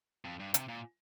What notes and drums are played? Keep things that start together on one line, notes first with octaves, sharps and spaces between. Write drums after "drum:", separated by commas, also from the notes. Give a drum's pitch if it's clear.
F2
G2
C3, drum: hi-hat
A#2